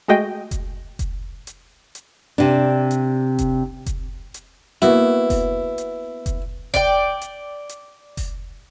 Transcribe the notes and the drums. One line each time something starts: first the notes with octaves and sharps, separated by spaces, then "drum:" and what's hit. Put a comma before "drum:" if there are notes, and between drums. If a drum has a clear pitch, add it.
G#3 A3 F#4 G#4 D#5 G5
drum: kick F1, hi-hat
drum: kick F1, hi-hat
drum: hi-hat
drum: hi-hat
C3 D4
drum: hi-hat
drum: kick F1, hi-hat
drum: kick F1, hi-hat
drum: hi-hat
A#3 B3 E4 F#4, drum: hi-hat
drum: kick F1, open hi-hat
drum: hi-hat
drum: kick F1, hi-hat
D5 G5, drum: kick F1, hi-hat
drum: hi-hat
drum: hi-hat
drum: kick F1, open hi-hat